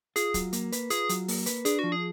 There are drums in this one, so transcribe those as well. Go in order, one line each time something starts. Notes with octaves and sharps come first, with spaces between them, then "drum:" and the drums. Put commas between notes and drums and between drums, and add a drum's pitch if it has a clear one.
F4 G#4, drum: hi-hat
F#3, drum: kick, hi-hat
A#3, drum: hi-hat
B4, drum: hi-hat
F4 G#4, drum: hi-hat
F#3, drum: hi-hat
A#3, drum: open hi-hat
B4, drum: hi-hat
D4 G#4, drum: hi-hat
F3 F#4
G#4